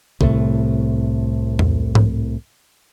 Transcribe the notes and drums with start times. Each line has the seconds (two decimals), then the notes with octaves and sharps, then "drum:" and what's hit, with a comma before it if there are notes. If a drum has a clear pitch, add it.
0.21 C2 A2 C3 A3, drum: kick
1.59 drum: tom E2
1.95 drum: tom G#2